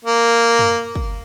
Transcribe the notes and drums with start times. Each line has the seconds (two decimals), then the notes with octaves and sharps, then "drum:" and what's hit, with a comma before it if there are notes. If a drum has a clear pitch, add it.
0.04 A#3
0.59 drum: tom
0.95 drum: kick